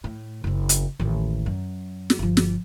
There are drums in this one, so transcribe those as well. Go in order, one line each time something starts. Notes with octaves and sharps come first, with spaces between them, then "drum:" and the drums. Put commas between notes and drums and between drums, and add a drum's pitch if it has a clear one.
A2
F#1 C4
drum: hi-hat
A1 D#2
F#2
drum: snare
G1 F3
drum: snare